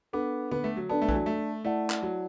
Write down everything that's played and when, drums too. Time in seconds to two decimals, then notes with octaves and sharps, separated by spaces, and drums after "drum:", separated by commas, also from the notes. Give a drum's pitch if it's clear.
0.13 B3 D4 A4 F#5 D6
0.51 B3, drum: tom D3
0.64 A3
0.77 F#3
0.89 B3 D4 A4 D5 A5
1.02 A3
1.09 E3, drum: kick
1.15 F#3
1.26 A3
1.64 A3 E4 D5 F#5 A5
1.90 drum: clap
2.02 F#3